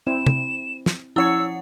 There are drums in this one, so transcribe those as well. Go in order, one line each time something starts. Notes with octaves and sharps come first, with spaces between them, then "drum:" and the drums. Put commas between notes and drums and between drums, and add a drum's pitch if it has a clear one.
C4 E4 C5 E7
drum: tom
drum: snare
F3 C#4 E4 C#5 F#5 E6 C#7